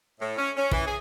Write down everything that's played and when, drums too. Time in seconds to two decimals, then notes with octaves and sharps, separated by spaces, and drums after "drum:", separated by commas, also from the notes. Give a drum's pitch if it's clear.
0.20 A2
0.37 C#4
0.56 C#4
0.71 E3, drum: kick
0.86 G#4